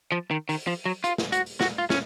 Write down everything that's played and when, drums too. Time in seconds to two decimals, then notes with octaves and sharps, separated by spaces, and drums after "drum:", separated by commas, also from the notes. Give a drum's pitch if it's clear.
0.12 F3
0.31 D#3
0.49 D#3, drum: open hi-hat
0.67 F3
0.86 F#3
1.04 F4, drum: hi-hat
1.18 drum: snare
1.32 F#4, drum: hi-hat
1.46 drum: open hi-hat
1.61 F#4, drum: snare
1.78 F4
1.90 C#4, drum: snare